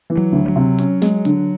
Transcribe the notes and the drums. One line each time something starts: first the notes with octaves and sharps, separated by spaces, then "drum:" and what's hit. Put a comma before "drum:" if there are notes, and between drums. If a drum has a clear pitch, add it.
E3
F#3
D2
F#3
C3
C#4, drum: hi-hat
G#3, drum: snare
D3, drum: hi-hat